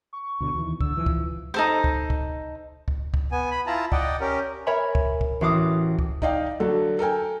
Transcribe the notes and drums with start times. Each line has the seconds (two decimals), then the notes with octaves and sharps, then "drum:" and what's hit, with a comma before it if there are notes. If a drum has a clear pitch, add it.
0.13 C#6
0.40 D2 B2 D3
0.55 D#2 E3
0.80 D3 E6, drum: kick
0.97 E3 F3
1.06 drum: kick
1.54 D#4 A4 C5
1.84 drum: kick
2.10 drum: kick
2.88 drum: kick
3.14 drum: kick
3.32 B3 G#5
3.51 B5
3.67 E4 F4 A5 A#5
3.92 D5 D#5 F#5 G5, drum: kick
4.20 C#4 G4 A#4
4.67 A#4 C#5 E5 G#5 A#5 B5
4.95 drum: kick
5.21 drum: kick
5.41 A1 F#4 F5 D6 D#6
5.99 drum: kick
6.22 D#4 D5 D#5 F5 G5, drum: kick
6.60 D3 F#3 A4
6.99 A4 A#4 G5 G#5